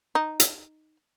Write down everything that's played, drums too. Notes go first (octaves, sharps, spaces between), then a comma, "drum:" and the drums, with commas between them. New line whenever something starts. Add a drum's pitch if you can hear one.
D#4
drum: hi-hat